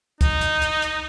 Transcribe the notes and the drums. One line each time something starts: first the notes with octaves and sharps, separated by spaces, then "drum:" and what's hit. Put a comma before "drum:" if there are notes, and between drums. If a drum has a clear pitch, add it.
D#4, drum: kick C#2, hi-hat
drum: hi-hat
drum: hi-hat
drum: hi-hat